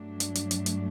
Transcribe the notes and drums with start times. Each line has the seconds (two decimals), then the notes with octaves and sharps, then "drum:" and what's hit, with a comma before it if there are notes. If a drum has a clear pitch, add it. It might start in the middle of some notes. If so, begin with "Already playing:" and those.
Already playing: G2 F#3 A3 D4
0.20 drum: hi-hat
0.35 drum: hi-hat
0.51 drum: hi-hat
0.66 drum: hi-hat